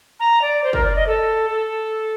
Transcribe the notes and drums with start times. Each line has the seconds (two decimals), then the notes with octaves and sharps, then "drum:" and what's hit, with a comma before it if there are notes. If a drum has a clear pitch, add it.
0.20 A#5
0.42 D5
0.63 C5
0.73 A#4, drum: kick
0.85 D5
0.95 D#5
1.07 A4
1.50 A4